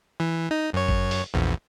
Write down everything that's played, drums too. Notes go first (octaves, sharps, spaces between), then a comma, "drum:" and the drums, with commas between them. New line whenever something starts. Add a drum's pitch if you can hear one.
E3
D#4
F#2 C#5
drum: kick G1
drum: open hi-hat
A#1 E2